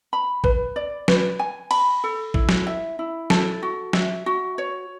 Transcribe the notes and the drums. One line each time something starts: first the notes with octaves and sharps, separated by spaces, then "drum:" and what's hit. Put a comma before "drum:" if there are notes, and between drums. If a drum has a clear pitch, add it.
B5
B4, drum: kick A1
D5
B4, drum: snare
G#5
B5, drum: cymbal
A4
E4, drum: kick A1
drum: snare
E5
E4
A4, drum: snare
F#4
E5, drum: snare
F#4
C#5